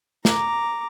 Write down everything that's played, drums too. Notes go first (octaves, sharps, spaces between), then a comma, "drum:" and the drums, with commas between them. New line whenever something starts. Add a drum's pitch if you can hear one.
A#5 D6, drum: snare